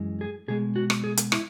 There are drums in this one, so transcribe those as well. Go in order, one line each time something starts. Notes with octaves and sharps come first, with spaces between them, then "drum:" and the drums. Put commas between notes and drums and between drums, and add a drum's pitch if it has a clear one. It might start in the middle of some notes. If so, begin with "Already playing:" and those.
Already playing: F#2 E3 G#3
G#4
B2 G#3 G#4
F#4
drum: rim click
G#4
drum: hi-hat
E4, drum: rim click